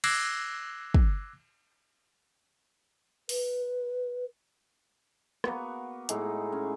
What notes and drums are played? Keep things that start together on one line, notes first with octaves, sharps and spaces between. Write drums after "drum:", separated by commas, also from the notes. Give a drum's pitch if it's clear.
D6 E6 F#6 G#6 A#6 C7, drum: cymbal
drum: kick
B4, drum: open hi-hat
A#3 B3 F#4, drum: rim click
A2 G#3 D#4, drum: hi-hat
C#4